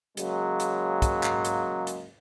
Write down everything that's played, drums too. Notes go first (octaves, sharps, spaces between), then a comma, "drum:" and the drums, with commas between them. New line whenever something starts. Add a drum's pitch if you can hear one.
C#3 F#3 G#3 A#3, drum: hi-hat
drum: hi-hat
drum: kick, hi-hat
drum: clap
drum: hi-hat
drum: hi-hat